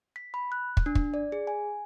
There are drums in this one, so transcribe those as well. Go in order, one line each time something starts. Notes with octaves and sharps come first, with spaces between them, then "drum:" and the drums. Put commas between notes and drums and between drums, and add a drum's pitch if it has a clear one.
B6
B5
F#6
drum: kick
D4
drum: kick
D5
G#4
G#5